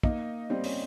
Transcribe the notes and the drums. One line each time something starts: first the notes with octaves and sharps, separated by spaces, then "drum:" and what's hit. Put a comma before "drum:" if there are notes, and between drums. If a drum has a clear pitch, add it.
A#3 D#4, drum: kick
G3 C4
C#4, drum: open hi-hat